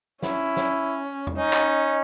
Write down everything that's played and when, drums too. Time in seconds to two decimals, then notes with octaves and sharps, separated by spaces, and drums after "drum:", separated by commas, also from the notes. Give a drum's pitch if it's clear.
0.23 C#4 E4, drum: snare
0.57 drum: snare
1.27 drum: tom E2
1.37 C#4 D#4
1.53 drum: clap